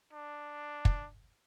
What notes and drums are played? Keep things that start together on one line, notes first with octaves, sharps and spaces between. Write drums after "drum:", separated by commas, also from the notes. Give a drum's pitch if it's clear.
D4
drum: kick